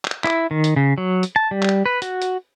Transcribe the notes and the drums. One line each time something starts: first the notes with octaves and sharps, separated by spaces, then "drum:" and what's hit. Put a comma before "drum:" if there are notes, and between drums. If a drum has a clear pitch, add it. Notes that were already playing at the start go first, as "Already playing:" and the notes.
drum: clap
E4, drum: clap
D#3
drum: hi-hat
C#3
F#3
drum: hi-hat
A5
G3
drum: clap
B4
F#4, drum: hi-hat
drum: hi-hat